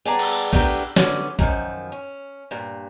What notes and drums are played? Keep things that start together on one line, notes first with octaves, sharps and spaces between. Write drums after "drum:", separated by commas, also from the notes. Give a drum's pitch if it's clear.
G3 B3 G#4 D5 A5 A#5
drum: cymbal
A3 B3 D4 E4 G4 A#4, drum: kick
D3 B3 C#4 C#5 D5, drum: snare
F#2 D#3 F3, drum: kick
C#4
G2 A#2